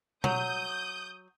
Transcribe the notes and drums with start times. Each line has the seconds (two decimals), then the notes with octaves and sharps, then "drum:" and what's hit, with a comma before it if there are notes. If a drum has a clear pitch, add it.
0.24 F#3 D#6 G6, drum: tom B2